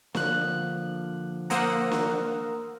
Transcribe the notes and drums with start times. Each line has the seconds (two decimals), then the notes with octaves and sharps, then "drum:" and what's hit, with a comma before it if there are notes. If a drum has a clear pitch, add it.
0.15 D3 F3 A#3 F#6, drum: snare
1.50 A#3 A#4 C5 F#5 A#5 D#6 E6, drum: hi-hat
1.92 drum: snare